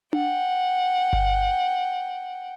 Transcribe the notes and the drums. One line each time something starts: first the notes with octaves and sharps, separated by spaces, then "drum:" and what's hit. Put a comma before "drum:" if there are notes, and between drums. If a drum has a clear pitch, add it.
F#5 G5, drum: tom D4
drum: kick G1